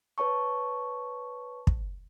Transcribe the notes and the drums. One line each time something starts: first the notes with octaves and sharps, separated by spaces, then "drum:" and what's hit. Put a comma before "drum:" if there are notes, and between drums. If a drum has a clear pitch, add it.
B4 C#5 A5 C#6
drum: kick